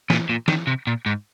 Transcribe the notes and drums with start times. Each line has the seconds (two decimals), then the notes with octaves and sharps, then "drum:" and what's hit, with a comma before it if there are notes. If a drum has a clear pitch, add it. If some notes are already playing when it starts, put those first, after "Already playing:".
0.10 A#2, drum: snare E3
0.29 A#2
0.48 D#3, drum: snare E3
0.67 C3
0.87 A#2
1.06 G#2